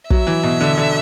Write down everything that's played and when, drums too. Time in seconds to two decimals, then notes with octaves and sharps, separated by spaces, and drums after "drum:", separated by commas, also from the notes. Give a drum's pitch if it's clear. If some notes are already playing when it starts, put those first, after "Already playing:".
0.10 F#3 E5, drum: kick
0.27 E3
0.43 B2
0.61 D3
0.78 D3